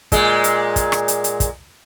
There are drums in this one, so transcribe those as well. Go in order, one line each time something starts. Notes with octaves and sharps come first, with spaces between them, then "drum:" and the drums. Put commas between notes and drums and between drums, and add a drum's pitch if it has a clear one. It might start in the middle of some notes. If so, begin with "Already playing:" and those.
A#2 G#3, drum: kick, hi-hat
drum: hi-hat
drum: kick, hi-hat
drum: rim click
drum: hi-hat
drum: hi-hat
drum: kick, hi-hat